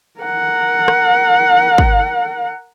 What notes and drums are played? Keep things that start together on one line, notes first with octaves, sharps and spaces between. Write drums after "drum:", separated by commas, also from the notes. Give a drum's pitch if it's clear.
A#4 F#5
drum: rim click
drum: kick